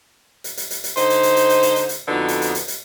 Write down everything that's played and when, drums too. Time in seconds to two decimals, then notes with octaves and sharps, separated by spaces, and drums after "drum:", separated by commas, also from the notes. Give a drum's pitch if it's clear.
0.44 drum: hi-hat
0.57 drum: hi-hat
0.71 drum: hi-hat
0.84 drum: hi-hat
0.97 D3 D#4 C5, drum: hi-hat
1.10 drum: hi-hat
1.23 drum: hi-hat
1.36 drum: hi-hat
1.49 drum: hi-hat
1.63 drum: hi-hat
1.76 drum: hi-hat
1.89 drum: hi-hat
2.07 F2 D3 B3 D#4 F#4
2.28 drum: hi-hat
2.42 drum: hi-hat
2.55 drum: hi-hat
2.68 drum: hi-hat